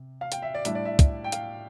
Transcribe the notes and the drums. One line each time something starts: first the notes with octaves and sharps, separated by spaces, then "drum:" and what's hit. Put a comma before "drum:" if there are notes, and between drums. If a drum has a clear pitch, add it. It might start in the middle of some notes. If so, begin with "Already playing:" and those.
Already playing: C3
F5
G5, drum: hi-hat
E5
D5
A2 G3 D4 E5, drum: hi-hat
D5
E5
drum: kick, hi-hat
G5
F5, drum: hi-hat